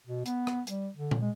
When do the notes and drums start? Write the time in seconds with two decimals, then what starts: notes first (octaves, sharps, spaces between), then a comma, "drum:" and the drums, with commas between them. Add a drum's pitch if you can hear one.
0.07 B2
0.26 B3, drum: hi-hat
0.47 drum: rim click
0.67 G3, drum: hi-hat
0.97 D3
1.11 drum: tom A#2
1.21 G#3